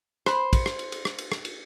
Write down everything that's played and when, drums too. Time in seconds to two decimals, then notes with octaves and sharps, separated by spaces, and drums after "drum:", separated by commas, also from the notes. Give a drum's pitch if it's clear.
0.26 B4 C5 B5, drum: rim click
0.53 drum: kick, cymbal
0.66 drum: rim click
0.79 drum: cymbal
0.92 drum: cymbal
1.05 drum: rim click
1.18 drum: cymbal
1.32 drum: rim click
1.45 drum: cymbal